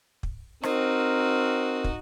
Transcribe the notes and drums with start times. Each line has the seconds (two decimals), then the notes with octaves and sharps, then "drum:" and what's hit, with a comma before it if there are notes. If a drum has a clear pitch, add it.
0.23 drum: kick
0.63 C4 D#4 F#4 A#4, drum: rim click
1.84 drum: kick